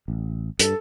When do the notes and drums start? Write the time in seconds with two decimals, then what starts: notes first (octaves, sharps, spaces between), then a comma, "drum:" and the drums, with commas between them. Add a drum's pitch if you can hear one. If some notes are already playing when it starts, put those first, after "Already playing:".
0.08 A1
0.59 G2 A4, drum: hi-hat